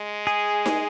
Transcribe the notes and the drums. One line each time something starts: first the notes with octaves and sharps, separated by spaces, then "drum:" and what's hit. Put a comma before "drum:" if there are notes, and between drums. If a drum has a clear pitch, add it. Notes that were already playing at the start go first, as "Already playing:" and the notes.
Already playing: G#3
G#4
drum: snare D#4